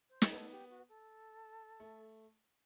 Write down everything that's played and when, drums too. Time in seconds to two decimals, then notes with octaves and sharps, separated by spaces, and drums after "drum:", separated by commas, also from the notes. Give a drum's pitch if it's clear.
0.10 C5
0.22 B4, drum: snare
0.33 B3 A4
0.51 G4
0.70 F#4
0.89 A4
1.80 A3